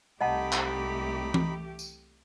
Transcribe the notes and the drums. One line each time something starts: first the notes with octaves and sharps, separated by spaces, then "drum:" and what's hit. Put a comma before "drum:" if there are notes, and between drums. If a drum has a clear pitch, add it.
C2 A3 D#4 G4 D#5 F#5 A5 B5
drum: clap
drum: tom E3
drum: tambourine